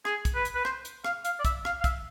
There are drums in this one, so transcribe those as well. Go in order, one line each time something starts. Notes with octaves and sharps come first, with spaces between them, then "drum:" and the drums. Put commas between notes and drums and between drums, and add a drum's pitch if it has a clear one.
G#4, drum: rim click
drum: kick, hi-hat
B4
drum: hi-hat
B4
C5, drum: rim click
drum: hi-hat
F5, drum: rim click
F5, drum: hi-hat
D5
E5, drum: kick, hi-hat
F5, drum: rim click
F5
E5, drum: kick, hi-hat